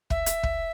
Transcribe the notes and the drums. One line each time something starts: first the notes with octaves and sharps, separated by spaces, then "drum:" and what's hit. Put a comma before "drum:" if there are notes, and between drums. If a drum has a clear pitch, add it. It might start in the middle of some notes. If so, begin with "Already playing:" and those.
E5, drum: kick
drum: hi-hat
drum: kick